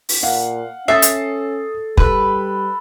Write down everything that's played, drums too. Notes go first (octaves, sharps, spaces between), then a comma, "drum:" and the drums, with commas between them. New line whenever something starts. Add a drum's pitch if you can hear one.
drum: open hi-hat
A#2 F5 F#5
C#4 A4 E5 D#6 A6 C7
drum: hi-hat
G3 A4 B4 B5, drum: kick